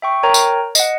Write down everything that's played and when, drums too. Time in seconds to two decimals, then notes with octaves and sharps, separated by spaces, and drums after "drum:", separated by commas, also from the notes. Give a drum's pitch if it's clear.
0.02 E5 G5 C#6
0.23 A#4 C#5 G5 A#5
0.34 drum: tambourine
0.75 D#5 F#5, drum: tambourine